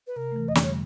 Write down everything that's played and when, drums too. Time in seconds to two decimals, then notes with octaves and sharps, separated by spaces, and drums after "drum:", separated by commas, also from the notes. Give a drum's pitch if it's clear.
0.07 B4
0.16 C3 A#4
0.32 E3 A3
0.48 F2 D#5
0.55 D5, drum: snare
0.63 D3 G3 C#5